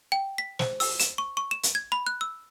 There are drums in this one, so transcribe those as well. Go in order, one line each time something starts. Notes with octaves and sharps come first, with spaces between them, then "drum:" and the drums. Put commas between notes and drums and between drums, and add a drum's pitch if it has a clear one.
G5
B6
C5, drum: snare
E6, drum: open hi-hat
E7, drum: hi-hat
C#6
C#6
E7
drum: hi-hat
G#6
B5
F#6
E6